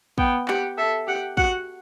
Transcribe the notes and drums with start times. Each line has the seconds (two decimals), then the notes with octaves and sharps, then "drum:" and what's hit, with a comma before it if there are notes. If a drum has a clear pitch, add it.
0.18 B3 G5, drum: kick
0.48 G4 F#5, drum: clap
0.78 A4 E5
1.07 G4 F#5
1.37 F#4 F#5, drum: kick